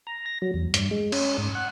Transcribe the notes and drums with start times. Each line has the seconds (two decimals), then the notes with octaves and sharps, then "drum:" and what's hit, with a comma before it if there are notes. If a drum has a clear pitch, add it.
0.07 A#5
0.26 A#6
0.42 F#3
0.54 E2
0.74 G2, drum: hi-hat
0.91 G#3
1.12 C#4, drum: cymbal
1.38 G#2
1.55 F#5